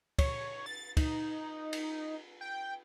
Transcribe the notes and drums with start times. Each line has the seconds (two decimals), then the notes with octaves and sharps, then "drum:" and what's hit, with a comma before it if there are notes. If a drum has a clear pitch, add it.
0.19 C#5, drum: kick, cymbal
0.66 A6
0.97 D#4, drum: kick, cymbal
1.73 drum: cymbal
2.41 G5